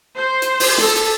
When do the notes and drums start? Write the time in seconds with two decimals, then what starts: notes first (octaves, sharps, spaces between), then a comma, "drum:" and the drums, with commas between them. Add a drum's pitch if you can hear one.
0.16 C5
0.42 drum: hi-hat
0.60 drum: open hi-hat
0.78 A4, drum: snare
0.96 drum: hi-hat